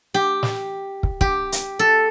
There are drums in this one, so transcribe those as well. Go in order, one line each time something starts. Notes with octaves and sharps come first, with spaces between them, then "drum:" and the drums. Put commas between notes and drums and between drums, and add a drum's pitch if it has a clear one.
G4
drum: snare
drum: kick
G4, drum: kick
drum: hi-hat
A4